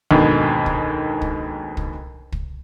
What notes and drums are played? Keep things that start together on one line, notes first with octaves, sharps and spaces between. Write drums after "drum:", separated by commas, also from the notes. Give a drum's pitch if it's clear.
D#2 G#2 B2 D3, drum: kick
drum: kick
drum: kick
drum: kick
drum: kick